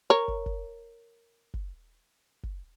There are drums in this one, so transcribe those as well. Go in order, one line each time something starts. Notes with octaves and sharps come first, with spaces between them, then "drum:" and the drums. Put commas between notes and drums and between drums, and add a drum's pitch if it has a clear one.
A#4 C#5
drum: kick
drum: kick
drum: kick
drum: kick